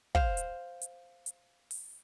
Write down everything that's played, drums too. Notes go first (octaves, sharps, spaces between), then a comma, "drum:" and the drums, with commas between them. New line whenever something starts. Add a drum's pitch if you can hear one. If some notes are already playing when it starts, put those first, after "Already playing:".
C5 F5, drum: kick
drum: hi-hat
drum: hi-hat
drum: hi-hat
drum: open hi-hat